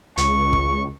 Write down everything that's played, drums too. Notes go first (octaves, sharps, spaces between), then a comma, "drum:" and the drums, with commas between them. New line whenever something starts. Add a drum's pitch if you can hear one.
C#2 C#6, drum: hi-hat
drum: kick